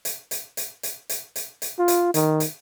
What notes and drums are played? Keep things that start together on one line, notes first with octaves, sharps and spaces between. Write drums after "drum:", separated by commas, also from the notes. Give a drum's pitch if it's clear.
drum: hi-hat
drum: hi-hat
drum: hi-hat
drum: hi-hat
drum: hi-hat
drum: hi-hat
drum: hi-hat
F4
drum: hi-hat
D#3, drum: hi-hat
drum: hi-hat